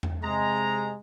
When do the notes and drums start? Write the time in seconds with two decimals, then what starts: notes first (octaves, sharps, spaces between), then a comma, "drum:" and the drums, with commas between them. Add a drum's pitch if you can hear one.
0.03 drum: tom E2
0.23 C3 G#3 A#5